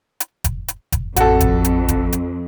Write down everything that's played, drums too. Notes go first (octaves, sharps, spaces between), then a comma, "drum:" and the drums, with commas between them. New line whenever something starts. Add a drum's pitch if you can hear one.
drum: hi-hat
drum: kick F1, hi-hat
drum: hi-hat
drum: kick F1, hi-hat
A1 F2 F#4 A4, drum: hi-hat
drum: kick F1, hi-hat
drum: hi-hat
drum: kick F1, hi-hat
drum: hi-hat